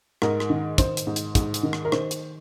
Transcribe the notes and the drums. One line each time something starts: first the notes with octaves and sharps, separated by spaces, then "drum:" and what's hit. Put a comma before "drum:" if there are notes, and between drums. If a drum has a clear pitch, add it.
G#2 A#4, drum: rim click
drum: rim click
D#3
D#3 C5, drum: kick, hi-hat
drum: hi-hat
G#2
drum: hi-hat
G#2, drum: kick, hi-hat
drum: hi-hat
D#3
drum: rim click
A#4
D#3 C5, drum: rim click
drum: hi-hat